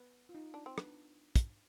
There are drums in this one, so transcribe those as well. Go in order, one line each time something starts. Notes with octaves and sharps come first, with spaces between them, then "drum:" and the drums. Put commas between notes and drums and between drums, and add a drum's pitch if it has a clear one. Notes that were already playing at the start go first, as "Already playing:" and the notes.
Already playing: B3
F4
D#4
D4
C4
B3 D4, drum: rim click
drum: kick, hi-hat